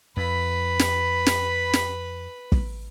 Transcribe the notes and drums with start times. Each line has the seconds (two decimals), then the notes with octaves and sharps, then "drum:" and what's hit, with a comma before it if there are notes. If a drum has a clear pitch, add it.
0.17 F2 B4 B5
0.79 drum: snare
1.26 drum: snare
1.73 drum: snare
2.52 drum: kick